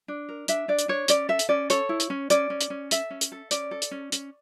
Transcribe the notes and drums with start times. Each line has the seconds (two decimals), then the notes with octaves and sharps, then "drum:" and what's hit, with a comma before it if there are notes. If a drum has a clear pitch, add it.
0.08 D4
0.29 A#4
0.48 D4 E5, drum: hi-hat
0.68 D4 D5
0.79 drum: hi-hat
0.88 D4 C#5
1.08 C#4 D5, drum: hi-hat
1.28 A4 E5
1.39 drum: hi-hat
1.49 C#4 D5
1.70 A4 C#5, drum: hi-hat
1.89 E4
2.00 drum: hi-hat
2.10 C#4
2.30 C#4 D5, drum: hi-hat
2.50 C#4
2.61 drum: hi-hat
2.70 C#4
2.91 A4 E5, drum: hi-hat
3.10 C#4
3.21 drum: hi-hat
3.32 A4
3.51 C#4 D5, drum: hi-hat
3.71 A4
3.82 drum: hi-hat
3.91 C#4
4.12 C#4, drum: hi-hat